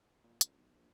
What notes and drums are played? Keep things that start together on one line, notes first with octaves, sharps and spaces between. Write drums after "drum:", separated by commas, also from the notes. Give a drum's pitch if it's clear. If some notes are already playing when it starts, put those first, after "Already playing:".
A#2
C#2, drum: hi-hat
B1
A#1